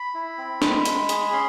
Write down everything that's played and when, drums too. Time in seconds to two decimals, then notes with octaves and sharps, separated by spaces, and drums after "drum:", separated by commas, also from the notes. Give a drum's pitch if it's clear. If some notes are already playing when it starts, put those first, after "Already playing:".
Already playing: B5
0.14 E4
0.38 C4
0.62 G#3, drum: snare
0.85 G#3, drum: hi-hat
1.09 G#4, drum: hi-hat
1.33 C#4 C6